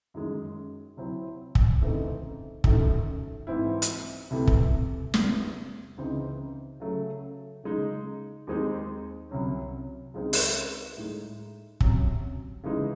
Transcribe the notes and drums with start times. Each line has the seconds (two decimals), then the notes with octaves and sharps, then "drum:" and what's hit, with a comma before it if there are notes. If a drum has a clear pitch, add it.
0.14 F#2 D#3 G#3
0.97 C3 F#3 C4 E4
1.55 drum: kick
1.81 C#3 E3 A3 C4 D#4
2.64 F#2 D#3 A3, drum: kick
3.47 G#2 E3 C4 E4
3.82 drum: hi-hat
4.30 C2 C3 E3 A3
4.47 drum: kick
5.14 E2 C3 E3, drum: snare
5.97 C#2 C#3 E3 C4 D#4
6.80 C#3 F#3 A3
7.64 C#3 G#3 D#4
8.47 D#2 D#3 G#3 C4 D#4
9.31 C2 C3 F#3 C#4
10.14 C#2 C#3 G#3 C4 D#4
10.33 drum: open hi-hat
10.97 A2 G#3 D#4
11.80 C3 F#3 C#4, drum: kick
12.63 C#3 E3 G#3 D#4